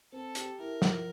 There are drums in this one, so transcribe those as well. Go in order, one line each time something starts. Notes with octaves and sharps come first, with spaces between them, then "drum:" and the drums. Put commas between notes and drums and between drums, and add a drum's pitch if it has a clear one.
C4 A4
G4, drum: hi-hat
E4 A#4
F3, drum: snare